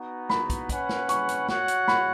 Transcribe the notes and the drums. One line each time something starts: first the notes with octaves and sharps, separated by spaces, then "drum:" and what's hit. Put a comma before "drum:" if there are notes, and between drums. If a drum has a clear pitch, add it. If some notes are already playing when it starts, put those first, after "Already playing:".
Already playing: B3 D#4 F#4
B5, drum: snare
drum: kick, hi-hat
C#4 B4 F#5, drum: kick, hi-hat
drum: snare
C#6, drum: hi-hat
drum: hi-hat
F#4 C#5 F#5, drum: snare
drum: hi-hat
B5, drum: snare